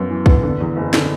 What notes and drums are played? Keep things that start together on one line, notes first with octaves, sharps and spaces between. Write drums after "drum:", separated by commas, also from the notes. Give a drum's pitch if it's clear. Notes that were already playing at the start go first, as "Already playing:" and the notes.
Already playing: F#2 B3
E3
B3, drum: kick
D3
E2
F#1
D3, drum: snare